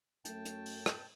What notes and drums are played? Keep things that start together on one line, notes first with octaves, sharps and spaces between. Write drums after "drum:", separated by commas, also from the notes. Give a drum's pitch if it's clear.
F#2 A3 G5 A5, drum: hi-hat
drum: hi-hat
drum: open hi-hat
drum: rim click